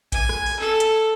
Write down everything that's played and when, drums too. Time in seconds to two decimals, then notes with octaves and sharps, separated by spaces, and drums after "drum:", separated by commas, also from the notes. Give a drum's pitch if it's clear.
0.12 G#5, drum: kick A1, hi-hat
0.29 drum: rim click
0.46 drum: open hi-hat
0.59 A4
0.80 drum: hi-hat